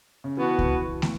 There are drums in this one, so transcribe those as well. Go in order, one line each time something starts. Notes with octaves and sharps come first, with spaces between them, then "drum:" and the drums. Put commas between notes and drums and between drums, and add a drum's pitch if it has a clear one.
C#3
B2 E3 B3 F#4
drum: kick C#2
drum: snare